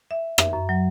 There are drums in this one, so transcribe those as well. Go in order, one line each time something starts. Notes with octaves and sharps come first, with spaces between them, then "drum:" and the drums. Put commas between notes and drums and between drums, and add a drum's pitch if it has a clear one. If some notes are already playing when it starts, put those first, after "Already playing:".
E5
E5, drum: rim click
F#2
F#3